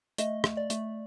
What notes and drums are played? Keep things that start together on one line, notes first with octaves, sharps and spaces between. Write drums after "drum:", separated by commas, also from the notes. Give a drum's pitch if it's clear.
A3 D#5, drum: hi-hat
A3, drum: rim click
D5
A3, drum: hi-hat